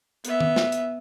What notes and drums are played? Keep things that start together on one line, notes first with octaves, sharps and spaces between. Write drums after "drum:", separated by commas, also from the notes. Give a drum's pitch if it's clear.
B3 E5, drum: hi-hat
drum: tom D#3
drum: snare
drum: hi-hat